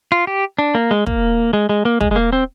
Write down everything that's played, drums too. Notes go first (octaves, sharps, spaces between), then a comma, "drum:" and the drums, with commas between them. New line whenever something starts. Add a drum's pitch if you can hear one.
F4
G4
D4
A#3
G#3
A#3, drum: kick
G#3
G#3
A#3
G#3, drum: kick
G#3
A#3
C4